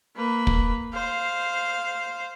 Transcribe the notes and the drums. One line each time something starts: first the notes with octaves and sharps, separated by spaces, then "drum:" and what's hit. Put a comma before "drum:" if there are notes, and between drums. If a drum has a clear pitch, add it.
A#3 B4
drum: kick
C5 F5